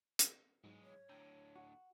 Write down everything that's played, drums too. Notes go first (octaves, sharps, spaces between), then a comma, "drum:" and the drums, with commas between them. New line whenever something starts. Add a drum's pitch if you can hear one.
drum: hi-hat
G#2 E3 F#3 G#3
C#5
A2 D3 G5 A#5 E6
F#4